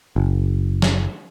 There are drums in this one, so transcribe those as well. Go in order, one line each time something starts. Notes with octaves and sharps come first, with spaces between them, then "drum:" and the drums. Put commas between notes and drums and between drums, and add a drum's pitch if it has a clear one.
F#1
drum: snare